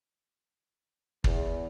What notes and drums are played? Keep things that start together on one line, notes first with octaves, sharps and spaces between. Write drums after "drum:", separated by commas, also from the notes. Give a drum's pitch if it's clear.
E2, drum: kick